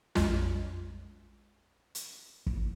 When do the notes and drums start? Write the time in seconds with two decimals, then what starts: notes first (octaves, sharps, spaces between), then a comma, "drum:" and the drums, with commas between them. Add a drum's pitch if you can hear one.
0.15 A#1 F2 G#3 F4, drum: snare
1.95 drum: hi-hat
2.46 drum: kick